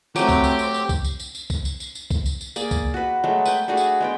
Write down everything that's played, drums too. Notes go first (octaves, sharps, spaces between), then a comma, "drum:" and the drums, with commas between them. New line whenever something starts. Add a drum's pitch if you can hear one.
F#3 A3 C4 G4, drum: tambourine
drum: kick B1, tambourine
drum: tambourine
drum: tambourine
drum: tambourine
drum: kick B1, tambourine
drum: tambourine
drum: tambourine
drum: tambourine
drum: kick B1, tambourine
drum: tambourine
drum: tambourine
drum: tambourine
drum: kick B1, tambourine
drum: tambourine
drum: tambourine
A#3 G#4 D5, drum: tambourine
drum: kick B1, tambourine
F#4 B4
F#3 G#3 A3
B4 G5, drum: tambourine
A3 D4 F#4 G#4
drum: tambourine
G#3 B3 G5